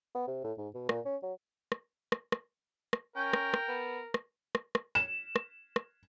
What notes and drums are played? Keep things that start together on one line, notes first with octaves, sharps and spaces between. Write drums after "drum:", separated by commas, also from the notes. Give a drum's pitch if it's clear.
B3
C3
A2
G#2
B2
A#2, drum: rim click
C#4
F#3
drum: rim click
drum: rim click
drum: rim click
drum: rim click
C#4 A#4 G5
drum: rim click
drum: rim click
B3
drum: rim click
drum: rim click
drum: rim click
E7
drum: rim click
drum: rim click